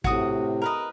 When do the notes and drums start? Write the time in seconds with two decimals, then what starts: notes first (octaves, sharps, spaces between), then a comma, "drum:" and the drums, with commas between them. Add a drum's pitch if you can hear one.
0.04 A2 C3 F#4 D#6, drum: kick
0.62 A#4 B4 D#5